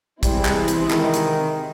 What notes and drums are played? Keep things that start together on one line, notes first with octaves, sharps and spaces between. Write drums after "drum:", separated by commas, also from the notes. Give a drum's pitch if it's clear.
C3 E3 G3 G#3 C4 E4, drum: kick, hi-hat
drum: clap
drum: hi-hat
D#3, drum: clap
drum: hi-hat